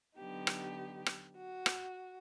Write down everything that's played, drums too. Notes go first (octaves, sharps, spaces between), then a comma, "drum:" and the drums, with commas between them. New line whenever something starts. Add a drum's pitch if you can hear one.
D3 F#3 B3 D#4 G4
drum: rim click
drum: rim click
F#4
drum: rim click